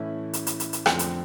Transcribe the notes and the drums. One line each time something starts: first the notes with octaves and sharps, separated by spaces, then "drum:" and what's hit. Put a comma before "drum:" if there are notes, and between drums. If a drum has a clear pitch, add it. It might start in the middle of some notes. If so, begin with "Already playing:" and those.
Already playing: A2 E3 A3 C#4 E4
drum: hi-hat
drum: hi-hat
drum: hi-hat
drum: hi-hat
F2 D3 F3 A3 C4, drum: rim click
drum: hi-hat